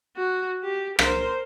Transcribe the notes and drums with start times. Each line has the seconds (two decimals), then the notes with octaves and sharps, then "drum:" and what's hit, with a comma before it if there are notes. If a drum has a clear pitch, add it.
0.16 F#4
0.63 G4
0.99 A#4 C5, drum: rim click